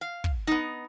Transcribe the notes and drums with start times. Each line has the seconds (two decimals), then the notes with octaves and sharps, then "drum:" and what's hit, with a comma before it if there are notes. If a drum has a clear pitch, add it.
0.01 F5
0.24 drum: kick
0.47 B3 D#4